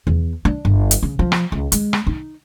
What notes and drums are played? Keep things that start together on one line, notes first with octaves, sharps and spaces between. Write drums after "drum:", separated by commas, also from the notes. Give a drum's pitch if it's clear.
E2
D4
G1
drum: hi-hat
C#3
F3
drum: rim click
C#2
G#3, drum: hi-hat
drum: rim click
D#4